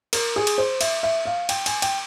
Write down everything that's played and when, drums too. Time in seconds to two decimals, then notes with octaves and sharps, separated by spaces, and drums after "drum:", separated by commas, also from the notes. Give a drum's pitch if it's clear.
0.13 A#4, drum: cymbal
0.36 G#4
0.47 drum: cymbal
0.58 C5
0.81 E5, drum: cymbal
1.03 E5
1.26 F5
1.49 G5, drum: cymbal
1.66 G#5, drum: cymbal
1.82 G5, drum: cymbal